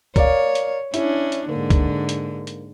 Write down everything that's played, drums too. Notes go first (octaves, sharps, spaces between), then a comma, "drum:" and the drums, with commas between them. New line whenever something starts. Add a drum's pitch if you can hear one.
A#4 C#5 D5 F5, drum: kick C#2, hi-hat
drum: hi-hat
C#4 D4 E4, drum: hi-hat
drum: hi-hat
G#2 D3 A#3
drum: kick C#2, hi-hat
drum: hi-hat
drum: hi-hat